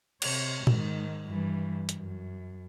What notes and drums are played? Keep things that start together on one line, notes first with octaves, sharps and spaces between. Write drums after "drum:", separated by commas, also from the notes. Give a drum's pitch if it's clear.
C3 C#5, drum: cymbal
G#2 D#3, drum: tom A#2
G2 E3
drum: hi-hat
F#2